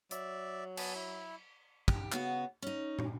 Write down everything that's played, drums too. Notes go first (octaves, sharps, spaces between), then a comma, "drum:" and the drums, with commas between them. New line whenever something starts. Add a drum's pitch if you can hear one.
F#3 D5 E5, drum: hi-hat
B3 G#5 A5, drum: cymbal
E4
G4, drum: kick
C#3 B3 F#4, drum: clap
C#4 D#4
drum: tom